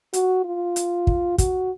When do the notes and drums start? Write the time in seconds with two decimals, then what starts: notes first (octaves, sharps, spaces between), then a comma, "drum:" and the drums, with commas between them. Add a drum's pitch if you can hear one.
0.13 F#4, drum: hi-hat
0.45 F4
0.76 drum: hi-hat
1.07 drum: kick
1.38 F#4, drum: kick, hi-hat